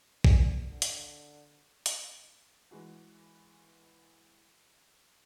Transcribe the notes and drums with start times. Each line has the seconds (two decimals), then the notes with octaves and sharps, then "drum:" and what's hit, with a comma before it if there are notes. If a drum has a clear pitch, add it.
0.24 A#2 D5 G#5, drum: kick A#1
0.68 D3
0.82 drum: hi-hat
1.86 drum: hi-hat
2.71 E3 G#3 F#4